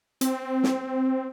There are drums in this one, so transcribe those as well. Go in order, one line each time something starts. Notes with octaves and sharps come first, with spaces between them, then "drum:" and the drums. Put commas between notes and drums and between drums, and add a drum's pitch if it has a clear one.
C4, drum: hi-hat
drum: snare